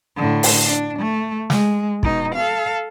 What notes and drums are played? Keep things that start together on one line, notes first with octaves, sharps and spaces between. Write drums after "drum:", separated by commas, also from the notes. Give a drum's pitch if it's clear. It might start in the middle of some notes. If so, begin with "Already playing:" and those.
A2 D3
drum: open hi-hat
D4
A3
G#3, drum: snare
B2 D#4, drum: kick
A4 F5